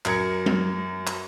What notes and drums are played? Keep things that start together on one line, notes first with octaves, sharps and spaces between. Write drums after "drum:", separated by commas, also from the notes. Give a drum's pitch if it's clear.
F#2 A#4 G#6 C#7, drum: clap
drum: tom F#3
drum: clap